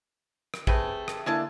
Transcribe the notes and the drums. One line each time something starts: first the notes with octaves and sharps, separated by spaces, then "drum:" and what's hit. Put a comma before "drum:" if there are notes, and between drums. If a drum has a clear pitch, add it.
drum: rim click
C3 A3 G#4 B4 G5 A5, drum: kick
drum: rim click
D3 G#3 A#3 D4 E4 A5